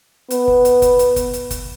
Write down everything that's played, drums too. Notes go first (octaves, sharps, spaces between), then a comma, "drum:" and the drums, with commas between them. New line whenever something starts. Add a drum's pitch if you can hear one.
B3, drum: hi-hat
drum: kick
drum: hi-hat
drum: kick, hi-hat
drum: hi-hat
drum: kick, hi-hat
drum: hi-hat
drum: kick, hi-hat